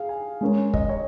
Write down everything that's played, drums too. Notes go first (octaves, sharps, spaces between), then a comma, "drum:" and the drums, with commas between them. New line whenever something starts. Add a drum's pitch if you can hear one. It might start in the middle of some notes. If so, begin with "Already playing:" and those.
Already playing: G#4 F5
G#5
G#3 C#4 A#4 C#5
D#5, drum: kick
C#5